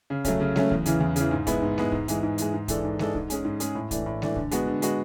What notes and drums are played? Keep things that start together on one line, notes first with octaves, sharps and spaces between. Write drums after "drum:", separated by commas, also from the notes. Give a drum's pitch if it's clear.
C#3
F#3 A3 C#4, drum: kick A#1, hi-hat
C#3
F#3 A3 C#4, drum: snare G#3
E2, drum: kick A#1
C#3 E3, drum: hi-hat
E2
C#3 E3, drum: hi-hat
G#2
G#3 B3 E4, drum: kick A#1, hi-hat
G#2
G#3 B3 E4, drum: snare G#3
G#2, drum: kick A#1
E3 G#3, drum: hi-hat
G#2
E3 G#3, drum: hi-hat
G#2
E3 G#3 D4 A4, drum: kick A#1, hi-hat
G#2
E3 G#3 D4 A4, drum: snare G#3
G#2, drum: kick A#1
G#3 C#4 G#4, drum: hi-hat
G#2
G#3 C#4 G#4, drum: hi-hat
A2
E3 A3 D4, drum: kick A#1, hi-hat
A2
E3 A3 D4, drum: snare G#3
D3, drum: kick A#1
G#3 B3 F#4, drum: hi-hat
D3
G#3 B3 F#4, drum: hi-hat